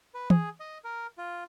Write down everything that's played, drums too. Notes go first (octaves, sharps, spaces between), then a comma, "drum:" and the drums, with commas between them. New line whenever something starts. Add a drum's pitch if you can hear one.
B4
G#4, drum: tom
D#5
A#4
F4